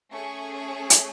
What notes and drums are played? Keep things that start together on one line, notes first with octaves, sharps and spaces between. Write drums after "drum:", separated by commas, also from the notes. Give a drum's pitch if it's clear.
A3 C#4 G#4 C#6
C#6
drum: hi-hat